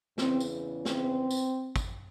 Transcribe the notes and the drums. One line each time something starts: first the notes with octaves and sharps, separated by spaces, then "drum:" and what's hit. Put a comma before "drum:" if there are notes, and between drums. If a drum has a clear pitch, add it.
E2 C#3 E3 C4, drum: snare
drum: tambourine
C4, drum: snare
drum: tambourine
drum: kick, tambourine